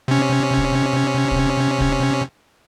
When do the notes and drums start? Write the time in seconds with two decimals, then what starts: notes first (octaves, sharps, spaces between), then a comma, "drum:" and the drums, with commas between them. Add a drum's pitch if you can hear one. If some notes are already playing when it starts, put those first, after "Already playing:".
0.08 C3 C#4
0.57 drum: kick
1.31 drum: kick
1.80 drum: kick